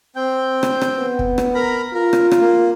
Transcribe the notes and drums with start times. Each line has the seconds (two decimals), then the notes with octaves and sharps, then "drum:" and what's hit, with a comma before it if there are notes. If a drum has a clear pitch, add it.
0.16 C4 G5
0.63 drum: rim click
0.81 drum: rim click
0.96 B3
1.19 drum: kick
1.38 drum: rim click
1.55 A#4 A#5 B5
1.94 F4 A#4
2.13 drum: rim click
2.31 drum: rim click
2.41 A#3